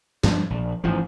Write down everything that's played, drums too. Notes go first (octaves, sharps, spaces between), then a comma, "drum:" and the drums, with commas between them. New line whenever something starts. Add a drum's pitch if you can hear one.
G2 F3 D4, drum: snare
A#1
A1 G#2 F3